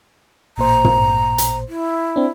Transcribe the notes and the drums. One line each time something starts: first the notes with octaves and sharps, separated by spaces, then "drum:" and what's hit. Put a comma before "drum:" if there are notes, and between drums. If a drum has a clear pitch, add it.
A1 A#2 C5 A#5
drum: tom
drum: hi-hat
E4
C4 D4